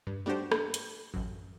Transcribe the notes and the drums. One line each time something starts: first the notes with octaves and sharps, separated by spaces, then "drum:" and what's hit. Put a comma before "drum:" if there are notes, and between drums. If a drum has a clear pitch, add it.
G2
G3 A3 D4 F#4 G4 C5
drum: rim click
drum: hi-hat
A1 F#2